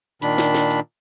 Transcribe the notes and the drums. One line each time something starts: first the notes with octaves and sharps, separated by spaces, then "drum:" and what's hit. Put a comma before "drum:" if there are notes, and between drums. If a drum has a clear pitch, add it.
A#2 D#3 D4 B5, drum: hi-hat
drum: snare
drum: snare
drum: hi-hat